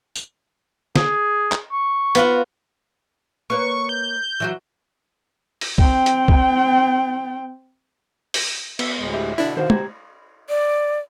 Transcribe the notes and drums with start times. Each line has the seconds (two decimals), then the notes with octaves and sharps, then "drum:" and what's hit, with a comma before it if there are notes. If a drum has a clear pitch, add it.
0.15 drum: tambourine
0.96 G#4, drum: snare
1.52 drum: clap
1.72 C#6
2.15 B3 F4 F#4, drum: hi-hat
3.50 A#3 B4 C#5 C#6
3.89 G6
4.40 E3 F#3 F#4
5.61 drum: open hi-hat
5.78 C4 G5, drum: kick
6.06 drum: hi-hat
6.28 drum: kick
8.34 drum: open hi-hat
8.79 B3 E5, drum: cymbal
8.99 D2 A2 G#3
9.13 G4 E5
9.38 B2 D3 D4 E4 D5
9.57 D#3 F#4 C5 F5
9.70 G4 A#5 G#6, drum: tom
10.49 D5